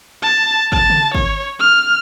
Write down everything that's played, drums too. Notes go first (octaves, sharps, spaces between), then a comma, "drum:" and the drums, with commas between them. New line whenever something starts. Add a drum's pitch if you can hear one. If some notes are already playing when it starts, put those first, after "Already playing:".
A5
A5, drum: kick
drum: tom C#3
C#5, drum: kick
F6